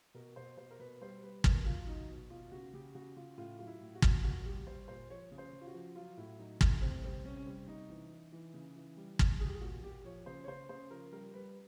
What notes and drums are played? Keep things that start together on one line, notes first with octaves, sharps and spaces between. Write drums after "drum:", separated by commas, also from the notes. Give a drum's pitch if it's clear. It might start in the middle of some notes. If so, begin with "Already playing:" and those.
B2 A#4
B2 C5
B2 C5
A#4
B2 B4
G3 C5
G3 B4
B2 A#4, drum: kick
F#3 F4
F#3 D#4
B2
B2 F4
C#3 F#4
C#3 G4
C#3 F#4
C#3 F4
A2 F4
F#3 F4
E4
A2
F#4
A2, drum: kick
A#2 F#4
G3 G4
G3 C5
A#2 C5
F3 C#5
C#3
C5
C#3
F4
F#4
F3
F#3 F4
A2 E4
F#3 D#4
A2, drum: kick
C3 C4
G3 C4
C3 C#4
C#4
G3 C4
C3 D#4
E3
E3
E3
C#3
E3
G3
G3, drum: kick
F3 G#4
G4
G#4
A#2 F#4
A#2 G4
F3 C#5
C#3 C5
C#5
C#3 C5
C#3 C5
F3 A#4
G3 A#4
G3 B4